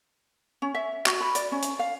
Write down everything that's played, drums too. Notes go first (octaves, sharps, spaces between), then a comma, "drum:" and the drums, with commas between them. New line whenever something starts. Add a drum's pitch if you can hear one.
C#4
E5
F#4, drum: clap
B5
D5, drum: hi-hat
C#4
drum: hi-hat
F5